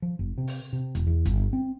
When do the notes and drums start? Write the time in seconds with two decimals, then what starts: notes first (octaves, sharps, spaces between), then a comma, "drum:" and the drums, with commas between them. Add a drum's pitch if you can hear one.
0.02 F3
0.19 F#1
0.38 C3
0.48 drum: open hi-hat
0.73 C3
0.95 E1, drum: hi-hat
1.07 E2
1.25 G1, drum: hi-hat
1.53 C4